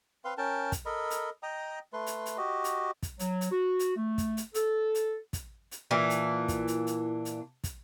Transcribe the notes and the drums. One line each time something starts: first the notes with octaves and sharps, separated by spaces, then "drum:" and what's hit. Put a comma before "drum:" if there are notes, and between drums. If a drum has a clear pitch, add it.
C4 B4 F5 C6
C#4 A#4 G5 A5
drum: kick, hi-hat
A4 A#4 D#5 B5
drum: hi-hat
D#5 G5 A#5 D#6
A3 B4 C6
drum: hi-hat
drum: hi-hat
F#4 G4 D#5
drum: hi-hat
drum: kick, hi-hat
F#3, drum: hi-hat
drum: hi-hat
F#4
drum: hi-hat
A3
drum: kick, hi-hat
drum: hi-hat
A4, drum: hi-hat
drum: hi-hat
drum: kick, hi-hat
drum: hi-hat
A#2 E3 D4
drum: hi-hat
drum: kick, hi-hat
drum: hi-hat
drum: hi-hat
drum: hi-hat
drum: kick, hi-hat